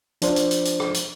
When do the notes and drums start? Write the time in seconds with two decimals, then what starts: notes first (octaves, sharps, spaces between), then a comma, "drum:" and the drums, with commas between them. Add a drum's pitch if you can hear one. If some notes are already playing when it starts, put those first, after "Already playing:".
0.22 F3 D4 C5 D5, drum: hi-hat
0.36 drum: hi-hat
0.51 drum: hi-hat
0.65 drum: hi-hat
0.80 drum: rim click
0.94 drum: hi-hat